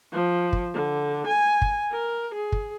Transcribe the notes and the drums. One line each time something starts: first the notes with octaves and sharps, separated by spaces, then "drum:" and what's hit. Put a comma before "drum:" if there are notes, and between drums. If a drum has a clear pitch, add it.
F3
drum: kick
D3
G#5
drum: kick
A#4
G#4
drum: kick